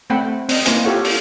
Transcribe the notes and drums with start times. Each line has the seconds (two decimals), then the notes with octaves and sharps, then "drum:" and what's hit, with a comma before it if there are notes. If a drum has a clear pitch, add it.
0.10 A3 C4 F#5 G5 B5
0.49 C4 D#5, drum: open hi-hat
0.66 A#3 E4 C5 G#5, drum: hi-hat
0.84 F4 G4 A4 C#5 F#5
1.04 drum: open hi-hat